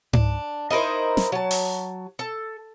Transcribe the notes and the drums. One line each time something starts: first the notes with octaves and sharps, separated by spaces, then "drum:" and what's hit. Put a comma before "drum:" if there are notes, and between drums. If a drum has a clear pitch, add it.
D4, drum: tom G#2
D#4 E4 A#4 C5
drum: snare
F#3 A5
drum: open hi-hat
A4